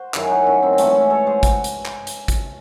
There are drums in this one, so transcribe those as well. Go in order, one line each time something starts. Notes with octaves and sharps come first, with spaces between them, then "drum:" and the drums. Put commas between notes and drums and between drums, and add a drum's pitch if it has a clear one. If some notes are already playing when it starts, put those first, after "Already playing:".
Already playing: F#4 C5
F#2 D#3 F#3 E4 G#4, drum: clap
D#4 F#4
C#4 E4
C4 D#4
C4
G#2 E3 A3 C#4, drum: hi-hat
C#4 E4
A4 C#5
G#4 C5
drum: kick, hi-hat
drum: hi-hat
drum: clap
drum: hi-hat
drum: kick, hi-hat